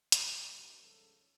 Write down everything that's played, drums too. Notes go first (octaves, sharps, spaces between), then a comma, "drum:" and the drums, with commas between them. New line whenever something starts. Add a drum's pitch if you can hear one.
B2 G3 A#3 F#4, drum: hi-hat
G2 D#3 G3 B3
C#2 C#3 F3 A4